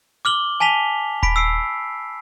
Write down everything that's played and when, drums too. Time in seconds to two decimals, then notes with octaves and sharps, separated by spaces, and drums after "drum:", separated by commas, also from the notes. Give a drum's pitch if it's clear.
0.25 D6 F6 F#7 G7
0.60 G#5 A5 B6 F7 G7
1.23 B5 B6 D7, drum: kick D#1
1.36 E6 C7 D7